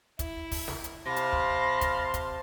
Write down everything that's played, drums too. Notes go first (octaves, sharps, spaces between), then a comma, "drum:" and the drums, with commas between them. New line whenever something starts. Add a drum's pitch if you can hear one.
E4, drum: kick, hi-hat
drum: kick, open hi-hat
drum: snare
drum: hi-hat
C3 F5 A5 B5 C6 A#6
drum: hi-hat
drum: kick
drum: kick, hi-hat
drum: kick, hi-hat